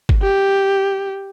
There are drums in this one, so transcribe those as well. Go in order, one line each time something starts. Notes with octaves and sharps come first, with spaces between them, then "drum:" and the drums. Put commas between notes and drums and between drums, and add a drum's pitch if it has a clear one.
drum: kick
G4